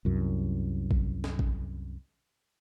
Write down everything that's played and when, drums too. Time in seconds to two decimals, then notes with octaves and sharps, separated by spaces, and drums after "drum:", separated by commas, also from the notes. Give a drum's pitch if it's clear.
0.05 C2 F#2
0.91 drum: kick A1
1.24 drum: snare
1.39 drum: kick A1